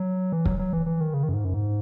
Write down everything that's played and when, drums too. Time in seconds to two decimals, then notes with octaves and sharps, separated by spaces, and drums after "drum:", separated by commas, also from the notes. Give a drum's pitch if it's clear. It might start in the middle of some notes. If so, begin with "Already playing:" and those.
Already playing: F#3
0.32 E3
0.45 F#3, drum: kick
0.59 F#3
0.73 E3
0.86 E3
1.01 D#3
1.14 C#3
1.23 D#3
1.29 F#2
1.34 G#2
1.44 F#2
1.54 G#2